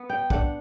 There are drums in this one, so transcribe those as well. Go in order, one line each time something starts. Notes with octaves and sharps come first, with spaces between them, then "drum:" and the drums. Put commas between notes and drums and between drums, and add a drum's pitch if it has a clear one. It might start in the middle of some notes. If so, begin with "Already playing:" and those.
Already playing: B3
G5
D4 F#5, drum: kick